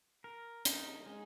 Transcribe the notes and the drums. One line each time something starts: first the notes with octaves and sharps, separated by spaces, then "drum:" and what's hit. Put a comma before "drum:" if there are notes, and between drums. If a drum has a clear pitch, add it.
A#4
D#4, drum: hi-hat
G#3